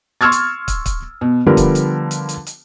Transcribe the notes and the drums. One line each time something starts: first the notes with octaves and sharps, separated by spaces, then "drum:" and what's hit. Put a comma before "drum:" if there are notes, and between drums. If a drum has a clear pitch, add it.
C6 C#6 E6 F6 G#6 A6
drum: hi-hat
drum: kick, hi-hat
drum: kick, hi-hat
B2
D3 F3 G3 B3 A#4
drum: kick, hi-hat
drum: hi-hat
drum: hi-hat
drum: hi-hat
drum: hi-hat